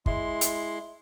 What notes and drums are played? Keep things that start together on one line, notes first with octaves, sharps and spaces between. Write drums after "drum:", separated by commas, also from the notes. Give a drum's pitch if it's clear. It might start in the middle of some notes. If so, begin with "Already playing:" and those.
G#3 E4 C6, drum: kick
drum: hi-hat